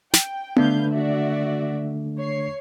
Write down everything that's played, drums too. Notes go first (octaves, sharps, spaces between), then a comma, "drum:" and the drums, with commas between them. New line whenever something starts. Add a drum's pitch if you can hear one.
G5, drum: snare
D3 A3 D4 B4 F5 G6, drum: tom B3
F#4 D5 E5
C#5 C7